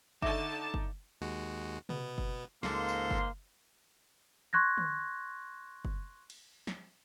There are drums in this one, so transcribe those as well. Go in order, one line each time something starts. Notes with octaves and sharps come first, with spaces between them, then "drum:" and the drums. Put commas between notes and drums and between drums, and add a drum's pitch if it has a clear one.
D3 D#4 E5 A5 C#6 D6 E7, drum: kick F#1
drum: kick F#1
D#2 G#3 F#4
B2 B3, drum: tom C3
drum: kick F#1
C#2 G#2 A#3 A4 C6, drum: snare
drum: tambourine
drum: kick F#1
C6 C#6 F#6 G#6 A#6
drum: tom D3
drum: kick F#1
drum: cymbal
drum: snare